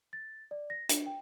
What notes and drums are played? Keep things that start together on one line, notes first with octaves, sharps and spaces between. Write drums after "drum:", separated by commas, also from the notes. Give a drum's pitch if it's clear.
A6
D5
A#6
D4, drum: hi-hat
G5